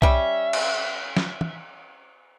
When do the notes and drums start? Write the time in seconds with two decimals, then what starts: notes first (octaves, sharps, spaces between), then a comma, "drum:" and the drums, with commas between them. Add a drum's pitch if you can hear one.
0.02 G3 C#4 E5, drum: kick C2
0.53 drum: cymbal
1.17 drum: snare
1.41 drum: tom